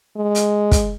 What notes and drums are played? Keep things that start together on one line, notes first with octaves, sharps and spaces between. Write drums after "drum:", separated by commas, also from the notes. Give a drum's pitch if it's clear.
G#3
drum: hi-hat
drum: kick, hi-hat